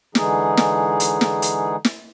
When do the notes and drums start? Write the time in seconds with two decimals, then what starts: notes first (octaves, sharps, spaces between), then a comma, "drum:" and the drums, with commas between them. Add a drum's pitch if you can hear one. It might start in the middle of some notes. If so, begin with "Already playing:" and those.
0.15 D3 E3 G#3 D#4 G#4, drum: snare
0.57 drum: snare
1.00 drum: hi-hat
1.21 drum: snare
1.42 drum: hi-hat
1.85 drum: snare